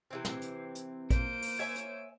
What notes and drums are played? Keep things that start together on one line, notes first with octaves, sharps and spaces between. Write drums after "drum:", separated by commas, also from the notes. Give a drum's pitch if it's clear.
C3 E3 C4
drum: snare
drum: hi-hat
drum: hi-hat
A#3 C5 D7, drum: kick, hi-hat
drum: open hi-hat
C#5 E5 G#5
drum: hi-hat